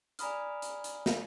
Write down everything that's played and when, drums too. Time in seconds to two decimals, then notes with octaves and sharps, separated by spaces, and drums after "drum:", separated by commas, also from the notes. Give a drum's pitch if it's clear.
0.19 D5 G#5 A#5 B5 D#6 F6, drum: hi-hat
0.62 drum: hi-hat
0.84 drum: hi-hat
1.06 drum: snare